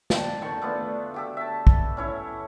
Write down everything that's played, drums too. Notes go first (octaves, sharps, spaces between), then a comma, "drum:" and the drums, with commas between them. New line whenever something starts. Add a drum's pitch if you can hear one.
D4 G5 A5, drum: snare
D3 D#3 A5 C#6
A3 B3 D4 F4
F#4 G4 A4
E5 A5
drum: kick
C#4 E4 C#5